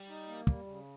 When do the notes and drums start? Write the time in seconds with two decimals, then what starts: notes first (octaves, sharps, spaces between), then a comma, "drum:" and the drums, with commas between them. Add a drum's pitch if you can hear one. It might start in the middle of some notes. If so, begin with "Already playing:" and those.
Already playing: G3
0.09 D#4
0.27 A#3
0.47 G3, drum: kick
0.66 C#3